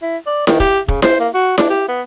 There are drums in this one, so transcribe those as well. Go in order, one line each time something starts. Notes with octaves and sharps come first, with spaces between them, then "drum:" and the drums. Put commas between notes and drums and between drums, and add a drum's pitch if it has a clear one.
E4
D5
D#3, drum: snare E4
G4, drum: kick
C#3, drum: kick
C5, drum: snare E4
A#3
F#4
D4, drum: snare E4
G4
B3